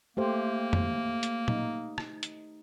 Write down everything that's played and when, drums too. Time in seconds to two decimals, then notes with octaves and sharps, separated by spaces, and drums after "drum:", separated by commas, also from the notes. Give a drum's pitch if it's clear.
0.17 A3 A#3 G4 C5
0.73 drum: tom
1.23 drum: hi-hat
1.48 D#4, drum: tom
1.98 drum: rim click
2.23 drum: hi-hat